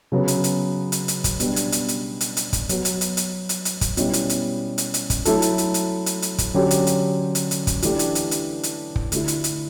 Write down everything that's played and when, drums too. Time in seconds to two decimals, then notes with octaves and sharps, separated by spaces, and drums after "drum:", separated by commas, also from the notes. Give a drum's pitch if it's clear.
0.12 C#3 F#3 B3
0.28 drum: hi-hat
0.44 drum: hi-hat
0.92 drum: hi-hat
1.08 drum: hi-hat
1.24 drum: kick, hi-hat
1.40 B2 G3 B3 D4, drum: hi-hat
1.56 drum: hi-hat
1.72 drum: hi-hat
1.88 drum: hi-hat
2.21 drum: hi-hat
2.37 drum: hi-hat
2.53 drum: kick, hi-hat
2.69 F#3 B3 F#4, drum: hi-hat
2.85 drum: hi-hat
3.01 drum: hi-hat
3.17 drum: hi-hat
3.49 drum: hi-hat
3.65 drum: hi-hat
3.81 drum: kick, hi-hat
3.97 B2 G3 C#4 E4, drum: hi-hat
4.13 drum: hi-hat
4.29 drum: hi-hat
4.78 drum: hi-hat
4.94 drum: hi-hat
5.10 drum: kick, hi-hat
5.25 F#3 A3 E4 A4, drum: hi-hat
5.42 drum: hi-hat
5.58 drum: hi-hat
5.74 drum: hi-hat
6.06 drum: hi-hat
6.22 drum: hi-hat
6.38 drum: kick, hi-hat
6.54 D3 F#3 C#4 G4
6.71 drum: hi-hat
6.87 drum: hi-hat
7.35 drum: hi-hat
7.51 drum: hi-hat
7.67 drum: kick, hi-hat
7.82 E3 A3 D4 G4, drum: hi-hat
7.99 drum: hi-hat
8.15 drum: hi-hat
8.31 drum: hi-hat
8.63 drum: hi-hat
8.96 drum: kick
9.12 D3 A3 E4, drum: hi-hat
9.28 drum: hi-hat
9.44 drum: hi-hat